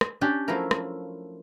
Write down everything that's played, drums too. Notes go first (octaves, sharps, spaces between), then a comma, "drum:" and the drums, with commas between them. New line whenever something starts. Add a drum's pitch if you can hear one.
drum: rim click
C#4 D4 G4
F3 F#3 A3 E4 A#4
drum: rim click